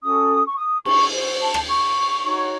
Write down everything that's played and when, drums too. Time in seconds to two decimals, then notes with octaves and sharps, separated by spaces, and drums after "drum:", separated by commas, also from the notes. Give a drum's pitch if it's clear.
0.03 C#4 F#4 A4 D#6
0.47 C#6
0.58 D#6
0.85 C#6, drum: cymbal
1.13 F#4 C5
1.40 A5
1.54 drum: rim click
1.68 C#6
2.24 D#4 F#4 C#5